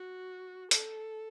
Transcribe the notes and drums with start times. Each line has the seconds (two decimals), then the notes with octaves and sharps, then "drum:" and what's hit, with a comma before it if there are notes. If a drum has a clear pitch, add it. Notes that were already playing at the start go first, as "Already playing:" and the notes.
Already playing: F#4
0.71 A4, drum: hi-hat